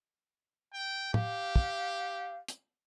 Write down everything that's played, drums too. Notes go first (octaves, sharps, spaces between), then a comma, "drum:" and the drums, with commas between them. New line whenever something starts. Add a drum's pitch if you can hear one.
G5
G4 F5, drum: tom
drum: kick
drum: hi-hat